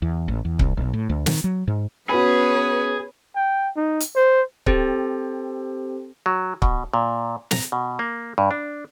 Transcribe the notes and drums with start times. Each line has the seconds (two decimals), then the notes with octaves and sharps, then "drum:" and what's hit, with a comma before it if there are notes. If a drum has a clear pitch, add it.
0.02 E2
0.28 A1
0.45 E2
0.59 C2, drum: kick C#1
0.77 B1
0.93 A2
1.10 D2
1.26 D#3, drum: snare
1.44 F#3
1.68 G#2
2.09 B3 C#4 F#4 G#4 B4 C#5 B5
3.36 G5
3.76 D#4
4.00 drum: hi-hat
4.16 C5
4.66 C4 G4 A4 C5, drum: kick C#1
6.26 F#3
6.62 B2, drum: kick C#1
6.94 A#2
7.51 A#5, drum: snare
7.72 B2
7.99 A#3
8.38 G2
8.51 D4